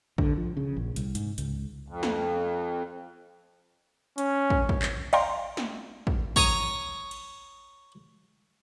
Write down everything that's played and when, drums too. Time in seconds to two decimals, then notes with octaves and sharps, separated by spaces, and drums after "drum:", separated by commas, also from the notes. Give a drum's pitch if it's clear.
0.18 D3, drum: kick
0.37 F3
0.57 C#3
0.76 A#1
0.96 C2, drum: hi-hat
1.15 G#2, drum: hi-hat
1.38 C#2, drum: hi-hat
1.88 F2
2.03 drum: snare
4.18 C#4, drum: hi-hat
4.50 drum: kick
4.69 drum: kick
4.82 drum: clap
5.13 D5 D#5 F5 G5 A#5 C6, drum: cymbal
5.57 drum: snare
6.07 drum: kick
6.36 C#5 A#5 D#6, drum: kick
7.11 drum: cymbal